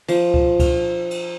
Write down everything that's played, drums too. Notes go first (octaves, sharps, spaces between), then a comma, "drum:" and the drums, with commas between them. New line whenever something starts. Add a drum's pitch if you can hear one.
F3, drum: cymbal
drum: kick C#2
drum: kick C#2, cymbal
drum: cymbal